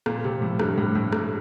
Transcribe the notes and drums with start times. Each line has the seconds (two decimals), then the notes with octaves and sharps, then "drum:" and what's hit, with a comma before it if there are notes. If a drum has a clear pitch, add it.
0.06 A#2 C4, drum: rim click
0.24 C3 A3
0.41 A2 F3
0.59 G2 A3, drum: rim click
0.78 A2 C4
0.95 A2 A3
1.12 A3, drum: rim click